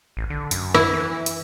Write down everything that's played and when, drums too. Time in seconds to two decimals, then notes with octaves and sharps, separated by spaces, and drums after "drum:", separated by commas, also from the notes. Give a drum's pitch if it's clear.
0.17 A1
0.30 D3
0.51 F#2, drum: hi-hat
0.75 E4, drum: rim click
0.93 E3
1.26 drum: hi-hat